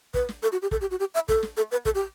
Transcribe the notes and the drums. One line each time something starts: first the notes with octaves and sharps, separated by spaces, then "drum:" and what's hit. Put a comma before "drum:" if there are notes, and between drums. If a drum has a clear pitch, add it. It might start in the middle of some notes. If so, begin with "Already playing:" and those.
B4, drum: kick
drum: snare
A4
F#4
G4
A4, drum: kick
G4
F#4
G4
E5
A4, drum: kick
drum: snare
A4
B4
A4, drum: kick
G4